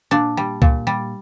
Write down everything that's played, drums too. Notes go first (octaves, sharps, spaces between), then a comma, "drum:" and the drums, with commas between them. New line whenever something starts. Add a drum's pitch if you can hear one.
A#2 D4
G3
A#2, drum: kick C#2
G3